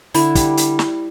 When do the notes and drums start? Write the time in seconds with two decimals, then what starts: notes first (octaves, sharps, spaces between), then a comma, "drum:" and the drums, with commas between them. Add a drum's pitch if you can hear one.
0.14 D3 E4, drum: open hi-hat
0.35 G3, drum: kick, hi-hat
0.57 drum: hi-hat
0.79 drum: snare